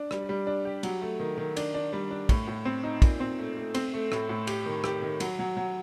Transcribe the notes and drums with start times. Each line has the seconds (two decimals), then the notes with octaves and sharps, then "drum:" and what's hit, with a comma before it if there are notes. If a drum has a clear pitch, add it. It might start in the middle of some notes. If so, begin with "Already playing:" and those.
Already playing: D4
0.11 G3, drum: rim click
0.29 G3
0.47 D4
0.65 G4
0.83 F#3, drum: cymbal
1.02 A3
1.20 D#3
1.38 D#3
1.57 D4, drum: cymbal
1.74 D4
1.93 G3
2.11 D4
2.29 A2, drum: kick, cymbal
2.47 A2
2.65 C4
2.84 D#4
3.02 A#2, drum: kick, cymbal
3.20 C4
3.38 A3
3.57 A3
3.74 C4, drum: cymbal
3.93 A3
4.12 A2, drum: rim click
4.29 A2
4.47 G4, drum: cymbal
4.66 D#3
4.84 G4, drum: rim click
5.02 D#3
5.20 F#3, drum: cymbal
5.39 F#3
5.57 F#3